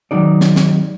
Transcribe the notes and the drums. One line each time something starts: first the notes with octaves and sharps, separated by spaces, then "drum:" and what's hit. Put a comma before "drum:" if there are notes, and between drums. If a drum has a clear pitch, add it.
D#3 F#3 G#3 D#4 D5
drum: snare
drum: snare